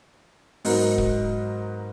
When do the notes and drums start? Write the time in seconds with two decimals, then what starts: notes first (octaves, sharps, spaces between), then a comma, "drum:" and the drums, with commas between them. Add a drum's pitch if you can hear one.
0.65 G#2 F#3 B3 D#4 A#4, drum: open hi-hat
0.98 drum: kick